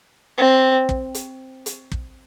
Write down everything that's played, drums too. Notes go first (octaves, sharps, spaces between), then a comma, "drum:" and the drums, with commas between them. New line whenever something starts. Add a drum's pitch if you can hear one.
C4
drum: kick
drum: hi-hat
drum: hi-hat
drum: kick